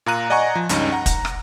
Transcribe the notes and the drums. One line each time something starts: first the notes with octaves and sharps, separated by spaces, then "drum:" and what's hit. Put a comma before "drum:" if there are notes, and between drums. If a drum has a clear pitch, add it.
A#2 F5 A#5 F#6 D#7
D5 D#5 F#5 G#5 A#5 C#6
F3
C#2 G2 C#4 D#4, drum: hi-hat
F#5 A#5
drum: kick, hi-hat
drum: rim click